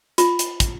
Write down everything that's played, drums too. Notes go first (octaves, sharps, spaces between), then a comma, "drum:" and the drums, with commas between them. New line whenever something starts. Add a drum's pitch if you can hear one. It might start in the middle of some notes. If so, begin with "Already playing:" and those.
F4, drum: hi-hat
drum: hi-hat
drum: kick, hi-hat